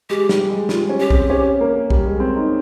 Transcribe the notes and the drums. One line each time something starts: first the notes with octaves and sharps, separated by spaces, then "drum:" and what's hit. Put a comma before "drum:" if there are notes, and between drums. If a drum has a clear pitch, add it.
G#3 G4
G3, drum: snare
G#3
G3 F4, drum: snare
C#4
G4
C4, drum: kick B1
C#4
A#3
G3, drum: kick B1
G#3
C4
D#4